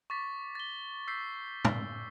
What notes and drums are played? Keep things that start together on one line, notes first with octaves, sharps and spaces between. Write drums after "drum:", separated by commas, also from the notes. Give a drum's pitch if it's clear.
C#6 D6 A6 B6
A6 G7
E6 G6 B6 C7
drum: tom